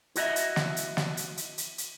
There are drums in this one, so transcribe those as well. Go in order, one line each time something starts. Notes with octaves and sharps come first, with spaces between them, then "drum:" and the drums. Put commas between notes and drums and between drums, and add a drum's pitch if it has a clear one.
E4 F#4 D#5 E5, drum: hi-hat
drum: hi-hat
drum: snare
drum: hi-hat
drum: snare
drum: hi-hat
drum: hi-hat
drum: hi-hat
drum: hi-hat